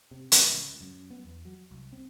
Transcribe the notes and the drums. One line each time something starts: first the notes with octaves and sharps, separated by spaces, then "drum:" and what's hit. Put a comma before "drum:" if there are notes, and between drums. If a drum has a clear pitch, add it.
C3
A1, drum: hi-hat
C#2
F#2
B3
E2
F#3
C2
C4